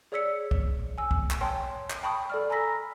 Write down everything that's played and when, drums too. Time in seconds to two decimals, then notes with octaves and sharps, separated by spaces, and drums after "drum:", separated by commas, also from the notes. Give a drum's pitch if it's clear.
0.12 G#4 C#5 D5 E6 B6 C#7
0.51 drum: kick
0.98 G#5 E6
1.11 drum: kick
1.31 drum: clap
1.41 C#5 G5 A5 C6
1.90 drum: clap
2.03 G5 A5 B5 C#6 D#6
2.30 A4 D5 F6
2.50 G#5 A#5 B5 E6 A#6 B6